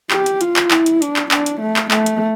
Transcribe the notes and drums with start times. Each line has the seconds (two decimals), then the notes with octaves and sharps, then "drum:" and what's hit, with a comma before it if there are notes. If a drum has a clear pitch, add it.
0.11 G4, drum: clap
0.26 drum: hi-hat
0.41 F4, drum: hi-hat
0.56 drum: clap
0.71 E4, drum: clap
0.86 drum: hi-hat
1.02 D4, drum: hi-hat
1.16 drum: clap
1.31 D4, drum: clap
1.46 drum: hi-hat
1.61 A3
1.76 drum: clap
1.91 A3, drum: clap
2.06 drum: hi-hat